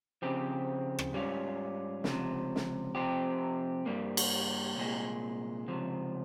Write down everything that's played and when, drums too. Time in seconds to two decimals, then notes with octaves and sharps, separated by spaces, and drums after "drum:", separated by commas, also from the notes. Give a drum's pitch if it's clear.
0.22 C#3 F3 C4 G4
0.99 drum: rim click
1.13 G#2 G3 C#4 F4
2.04 C#2 C3 F3, drum: snare
2.56 drum: snare
2.95 C3 F3 C4 G4
3.86 G2 G3 A#3
4.17 drum: cymbal
4.77 C2 A#2 G#3
5.68 C#2 C3 F3